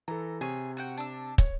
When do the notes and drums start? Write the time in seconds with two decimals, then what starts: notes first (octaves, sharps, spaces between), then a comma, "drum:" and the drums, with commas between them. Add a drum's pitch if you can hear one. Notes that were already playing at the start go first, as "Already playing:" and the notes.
0.08 E3 A4 A#5
0.41 C3 G#4 C#5 G#5
0.77 F#4 F#5 G5
0.97 D4 E6
1.38 C#5, drum: kick